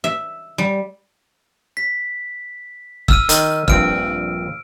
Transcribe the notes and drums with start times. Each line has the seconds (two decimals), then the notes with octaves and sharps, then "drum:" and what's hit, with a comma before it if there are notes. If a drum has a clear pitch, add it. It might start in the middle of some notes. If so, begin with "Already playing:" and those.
0.04 E5
0.58 G3
1.77 B6
3.08 E6 F6 D#7, drum: kick
3.29 D#3, drum: hi-hat
3.68 A#1 G2 C4 F6 D7, drum: kick